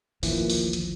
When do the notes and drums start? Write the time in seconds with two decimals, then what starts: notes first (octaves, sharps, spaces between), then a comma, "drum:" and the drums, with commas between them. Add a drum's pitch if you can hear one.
0.23 G#1 D2 A#2 E3 F3, drum: open hi-hat
0.50 drum: open hi-hat
0.73 drum: hi-hat